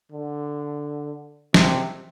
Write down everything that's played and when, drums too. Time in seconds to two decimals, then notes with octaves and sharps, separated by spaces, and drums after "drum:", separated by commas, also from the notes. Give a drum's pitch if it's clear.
0.12 D3
1.54 C3, drum: snare